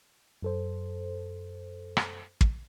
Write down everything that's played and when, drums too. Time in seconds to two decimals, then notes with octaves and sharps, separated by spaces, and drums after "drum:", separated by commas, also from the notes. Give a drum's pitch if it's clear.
0.42 F#2 A4 C5
1.97 drum: rim click
2.41 drum: kick